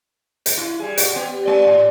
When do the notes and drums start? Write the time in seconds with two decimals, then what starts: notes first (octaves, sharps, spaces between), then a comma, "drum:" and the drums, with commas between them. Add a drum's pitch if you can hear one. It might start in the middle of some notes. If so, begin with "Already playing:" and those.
0.46 drum: hi-hat
0.57 E4
0.80 G3 G#4
0.98 F#4, drum: hi-hat
1.14 B3 G4
1.45 A3 D5
1.67 A2